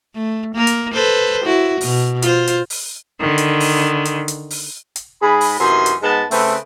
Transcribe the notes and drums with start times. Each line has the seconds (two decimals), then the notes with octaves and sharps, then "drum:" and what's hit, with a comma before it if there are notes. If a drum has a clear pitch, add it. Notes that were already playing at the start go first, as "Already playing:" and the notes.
0.15 A3
0.55 A#3 A#4
0.67 drum: hi-hat
0.94 A4 B4 C5
1.45 E4 F#4
1.81 B2, drum: open hi-hat
2.22 F4 C5, drum: hi-hat
2.47 drum: hi-hat
2.70 drum: open hi-hat
3.20 D3 D#3
3.38 drum: hi-hat
3.60 drum: open hi-hat
4.05 drum: hi-hat
4.28 drum: hi-hat
4.51 drum: open hi-hat
4.96 drum: hi-hat
5.22 G#2 G#4 B5
5.41 drum: open hi-hat
5.60 F#2 C3 E3 D#4 C6
5.86 drum: hi-hat
6.02 G#2 G#3 B3 A5
6.31 C#3 A3 C4 B4, drum: open hi-hat